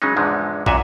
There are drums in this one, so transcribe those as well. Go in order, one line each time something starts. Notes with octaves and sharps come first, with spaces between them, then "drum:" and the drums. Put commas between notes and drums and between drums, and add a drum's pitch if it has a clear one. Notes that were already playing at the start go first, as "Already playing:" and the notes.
C#3 F#3 G#3 C#4 D#4
E2 G#2 D3 F3 G#3
F#2 A#2 F#4 E5 F5 G#5, drum: kick